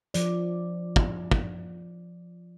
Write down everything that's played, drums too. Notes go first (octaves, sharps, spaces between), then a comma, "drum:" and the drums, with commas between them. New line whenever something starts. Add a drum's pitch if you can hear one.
F3 D5, drum: hi-hat
drum: kick
drum: kick